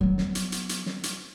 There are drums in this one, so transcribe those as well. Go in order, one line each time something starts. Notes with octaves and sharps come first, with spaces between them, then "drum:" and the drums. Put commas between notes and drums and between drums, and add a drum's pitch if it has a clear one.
F#3 B3
drum: snare
drum: hi-hat
drum: hi-hat
drum: hi-hat
drum: snare
drum: hi-hat